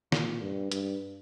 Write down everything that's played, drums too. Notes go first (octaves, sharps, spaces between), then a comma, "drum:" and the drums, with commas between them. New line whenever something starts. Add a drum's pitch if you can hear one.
A#2, drum: snare
G2
G2, drum: hi-hat